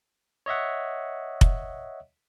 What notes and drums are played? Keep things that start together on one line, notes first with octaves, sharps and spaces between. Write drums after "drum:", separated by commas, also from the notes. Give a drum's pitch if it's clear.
C#5 D#5 E5 F#5
drum: kick F1